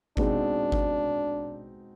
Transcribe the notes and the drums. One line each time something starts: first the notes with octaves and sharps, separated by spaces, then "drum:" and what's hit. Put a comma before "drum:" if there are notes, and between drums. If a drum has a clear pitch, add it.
B2 G#3 C4 D4 D#4 G#4, drum: kick G1
drum: kick G1